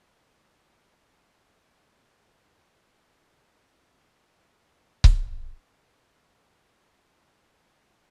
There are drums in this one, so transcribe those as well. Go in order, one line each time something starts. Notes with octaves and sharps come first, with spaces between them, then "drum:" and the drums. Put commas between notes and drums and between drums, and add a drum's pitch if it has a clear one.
A#3 F4 G#4 C5 F5 G5
A#6 B6
C2 G2 C3
D3 E3 F#3 A3 A#3
B3 F4 G4
G1 C6
G#5 C6 C#6 F#6 A6
drum: kick C#1
C4 D#4
F#2 A#2 C#3 F#5